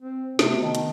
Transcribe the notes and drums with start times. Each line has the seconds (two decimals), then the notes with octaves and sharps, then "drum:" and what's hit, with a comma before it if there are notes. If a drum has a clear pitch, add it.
0.01 C4
0.39 C3 A3 B3 F#4, drum: snare
0.61 D#3 D#5 A5
0.75 drum: hi-hat